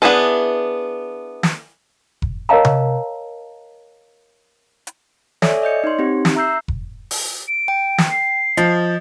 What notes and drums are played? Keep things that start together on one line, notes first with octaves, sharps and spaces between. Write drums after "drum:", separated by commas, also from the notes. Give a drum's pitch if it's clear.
B3 D4 E4 G#4 A4
drum: snare
drum: kick F1
A#4 C#5 D#5 F5 A5 A#5
drum: tom C3
drum: hi-hat
A4 C#5 D5 E5 G#5, drum: snare
D5 D#5 G6 C#7
D#4 C#5 C6
C4 D#4 G4
drum: snare
E5 A#5 E6 G6 C7
drum: kick F1
drum: open hi-hat
D7
G5
drum: snare
C7
F3 D#5 A6, drum: hi-hat